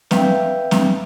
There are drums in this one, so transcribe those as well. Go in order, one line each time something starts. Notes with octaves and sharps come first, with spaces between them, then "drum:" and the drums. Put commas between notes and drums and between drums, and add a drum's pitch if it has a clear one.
B4 E5 F5 G5, drum: snare C4
drum: snare C4